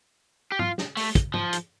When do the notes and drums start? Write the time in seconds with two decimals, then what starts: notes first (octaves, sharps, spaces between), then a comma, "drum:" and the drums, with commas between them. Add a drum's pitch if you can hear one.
0.52 G4
0.59 F4, drum: tom
0.78 drum: snare
0.97 A3, drum: open hi-hat
1.15 drum: kick, hi-hat
1.34 F3, drum: tom
1.53 drum: hi-hat